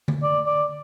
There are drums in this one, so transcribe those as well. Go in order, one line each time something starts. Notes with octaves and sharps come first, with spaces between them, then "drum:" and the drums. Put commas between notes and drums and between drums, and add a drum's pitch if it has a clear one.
drum: tom D3
D5
D5